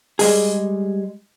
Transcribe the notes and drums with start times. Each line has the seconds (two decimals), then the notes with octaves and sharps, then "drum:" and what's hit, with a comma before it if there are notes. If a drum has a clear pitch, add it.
0.19 G3 G#3 G#4, drum: open hi-hat